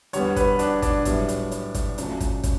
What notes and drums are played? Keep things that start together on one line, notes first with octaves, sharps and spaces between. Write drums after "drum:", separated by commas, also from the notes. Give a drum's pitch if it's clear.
E2 D3 G3 B3 C#5, drum: hi-hat
B4, drum: kick, hi-hat
D4, drum: hi-hat
D4, drum: kick, hi-hat
B1 A2 G3 B3, drum: kick, hi-hat
drum: hi-hat
drum: hi-hat
drum: kick, hi-hat
C#2 C#3 F#3 A3, drum: hi-hat
drum: kick, hi-hat
drum: kick, hi-hat